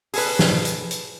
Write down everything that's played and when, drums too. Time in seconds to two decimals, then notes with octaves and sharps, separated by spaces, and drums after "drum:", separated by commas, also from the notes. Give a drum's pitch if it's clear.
0.14 G#4 A4 B4, drum: open hi-hat
0.39 drum: snare
0.65 drum: hi-hat
0.91 drum: hi-hat